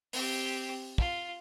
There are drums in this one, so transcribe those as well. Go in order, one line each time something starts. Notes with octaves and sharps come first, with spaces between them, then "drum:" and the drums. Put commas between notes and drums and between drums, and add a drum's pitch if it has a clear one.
C4 G4, drum: open hi-hat
F4, drum: kick